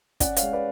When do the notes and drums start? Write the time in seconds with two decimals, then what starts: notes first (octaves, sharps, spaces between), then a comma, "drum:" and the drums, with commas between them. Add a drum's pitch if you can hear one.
0.20 C#4 D5 F#5, drum: kick, hi-hat
0.37 C#5 F5, drum: hi-hat
0.42 G#3
0.53 B4 D5